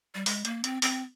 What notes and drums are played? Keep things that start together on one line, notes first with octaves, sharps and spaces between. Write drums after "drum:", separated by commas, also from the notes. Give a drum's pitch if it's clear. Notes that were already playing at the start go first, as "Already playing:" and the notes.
G3
G#3, drum: open hi-hat
A#3, drum: hi-hat
C4, drum: hi-hat
C4, drum: open hi-hat